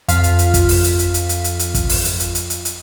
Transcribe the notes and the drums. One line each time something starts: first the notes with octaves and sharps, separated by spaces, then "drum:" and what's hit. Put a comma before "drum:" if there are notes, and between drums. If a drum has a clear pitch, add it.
F2 F4 F5 B6, drum: hi-hat
drum: hi-hat
drum: hi-hat
drum: kick, hi-hat
drum: open hi-hat
drum: hi-hat
drum: hi-hat
drum: hi-hat
drum: hi-hat
drum: hi-hat
drum: hi-hat
drum: kick, hi-hat
drum: open hi-hat
drum: hi-hat
drum: hi-hat
drum: hi-hat
drum: hi-hat
drum: hi-hat